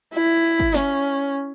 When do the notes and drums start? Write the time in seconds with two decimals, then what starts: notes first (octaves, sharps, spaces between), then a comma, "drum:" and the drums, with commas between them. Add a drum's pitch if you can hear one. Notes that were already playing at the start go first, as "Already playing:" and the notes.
0.14 E4
0.60 drum: kick
0.74 C#4, drum: snare